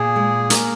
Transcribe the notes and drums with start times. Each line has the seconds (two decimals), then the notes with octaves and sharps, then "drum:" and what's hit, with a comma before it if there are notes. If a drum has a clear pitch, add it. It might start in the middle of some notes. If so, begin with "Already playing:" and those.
Already playing: A#2 G#4
0.16 G#3
0.50 A#3 A#4, drum: hi-hat